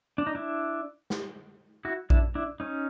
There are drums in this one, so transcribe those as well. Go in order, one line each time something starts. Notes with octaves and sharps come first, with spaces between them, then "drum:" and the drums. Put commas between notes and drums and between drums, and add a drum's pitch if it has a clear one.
D4
D#4
D4 E4
drum: snare
E4 F#4
D4 E4, drum: kick A#1
D4 E4
C#4 D#4